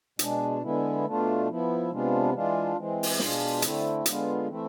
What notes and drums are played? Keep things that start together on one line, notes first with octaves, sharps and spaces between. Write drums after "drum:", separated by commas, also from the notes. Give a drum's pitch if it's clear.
B2 G#3 D4, drum: hi-hat
D3 G#3 B3 E4
B2 A3 D4 F4
F3 B3 E4
C3 G#3 B3 D4 F4
E3 G#3 D4 F4
E3 G#3 C4
drum: open hi-hat
B2 G#3 D4 F4, drum: snare
D3 A3 C4 E4, drum: hi-hat
D3 G#3 B3 F4, drum: hi-hat
E3 A3 C4 E4